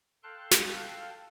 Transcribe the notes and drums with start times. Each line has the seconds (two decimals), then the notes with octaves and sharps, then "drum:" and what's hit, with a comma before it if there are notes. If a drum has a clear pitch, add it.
0.23 A4 F5 G5 A5 C6 F#6
0.51 drum: snare